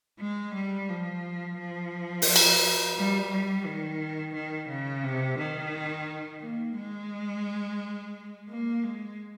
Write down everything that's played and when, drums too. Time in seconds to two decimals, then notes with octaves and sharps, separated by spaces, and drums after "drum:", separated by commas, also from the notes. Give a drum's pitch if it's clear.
0.20 G#3
0.54 G3
0.89 F3
1.59 F3
2.22 drum: open hi-hat
2.36 drum: cymbal
2.96 G3
3.31 G3
3.65 D#3
4.34 D#3
4.69 C#3
5.04 C3
5.39 D#3
6.42 A#3
6.76 G#3
8.49 A#3
8.84 G#3